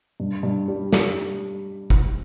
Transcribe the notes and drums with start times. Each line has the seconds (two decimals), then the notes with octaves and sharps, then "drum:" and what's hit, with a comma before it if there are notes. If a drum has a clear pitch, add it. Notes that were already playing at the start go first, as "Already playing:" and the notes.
0.20 G2
0.43 G2
0.68 G3
0.93 G2, drum: snare
1.90 drum: kick G1